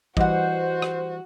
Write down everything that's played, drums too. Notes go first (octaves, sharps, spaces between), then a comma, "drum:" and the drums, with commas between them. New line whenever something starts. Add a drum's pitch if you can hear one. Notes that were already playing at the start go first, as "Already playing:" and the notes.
E3 G3 F#4 C5 D#5 F#5, drum: kick
drum: rim click